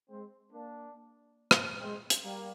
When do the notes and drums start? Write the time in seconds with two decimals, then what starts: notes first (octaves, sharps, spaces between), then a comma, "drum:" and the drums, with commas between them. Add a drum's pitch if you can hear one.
0.10 G#3 C4
0.52 A#3 D4
1.51 drum: rim click
1.81 G#3 C4
2.10 drum: hi-hat
2.24 G3 A#3